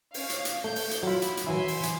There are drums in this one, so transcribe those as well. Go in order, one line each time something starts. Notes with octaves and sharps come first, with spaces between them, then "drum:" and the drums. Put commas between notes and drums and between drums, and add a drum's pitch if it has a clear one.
C#4 F5, drum: open hi-hat
drum: hi-hat
drum: hi-hat
A3 G6
drum: open hi-hat
drum: hi-hat
F#3 E4 F4 B5
drum: hi-hat
drum: hi-hat
E3 F#3 E4 E5 G#5 C6
drum: open hi-hat
drum: hi-hat